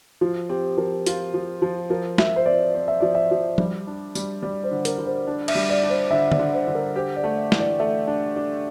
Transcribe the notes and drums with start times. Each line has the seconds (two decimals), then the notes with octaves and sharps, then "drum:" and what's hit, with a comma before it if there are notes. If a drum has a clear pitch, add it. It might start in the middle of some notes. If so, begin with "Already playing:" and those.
0.21 F3 F4
0.49 C4 G4
0.77 F3 A#4
1.06 F4, drum: hi-hat
1.34 F3
1.62 F3
1.90 F3 A#4
2.18 F3 E5, drum: snare
2.36 C5
2.46 C4 D5
2.74 C4
2.88 E5
3.00 F3 D5
3.15 E5
3.31 F3
3.58 G3, drum: tom F3
3.87 D4
4.15 G3, drum: tambourine
4.42 G3 D5
4.64 C5
4.71 D3
4.85 A#4, drum: hi-hat
4.98 D3
5.06 C5
5.27 D4
5.48 E5, drum: cymbal
5.55 G3
5.69 D5
5.83 D4
5.90 C5
6.11 D3 E5
6.32 D5, drum: tom D3
6.39 D3
6.54 C5
6.68 D3
6.75 A#4
6.95 G4 C5
7.16 D5
7.24 A3
7.37 E5
7.52 E3, drum: snare
7.59 D5
7.79 A3 E5
8.07 D4
8.36 D4